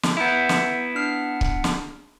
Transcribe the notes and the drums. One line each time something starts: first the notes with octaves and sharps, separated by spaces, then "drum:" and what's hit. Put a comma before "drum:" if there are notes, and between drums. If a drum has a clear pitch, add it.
drum: snare
B3 E4 E5 A#5 G6
drum: snare
D4 F6 C7
drum: kick C#1
drum: snare